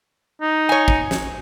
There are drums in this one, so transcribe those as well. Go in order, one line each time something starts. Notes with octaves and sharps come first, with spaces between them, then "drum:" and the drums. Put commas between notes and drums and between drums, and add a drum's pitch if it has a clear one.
D#4
C#5 G#5
drum: kick G#1
drum: snare